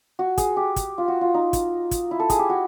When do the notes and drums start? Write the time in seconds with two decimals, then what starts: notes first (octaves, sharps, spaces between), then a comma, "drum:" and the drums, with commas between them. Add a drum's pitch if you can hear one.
0.19 F#4
0.38 G#4, drum: kick, hi-hat
0.57 G4
0.76 drum: kick, hi-hat
0.98 F4
1.08 F#4
1.21 F4
1.34 D#4
1.53 drum: kick, hi-hat
1.91 drum: kick, hi-hat
2.11 E4
2.20 A4
2.30 G#4, drum: kick, hi-hat
2.39 G4
2.49 F#4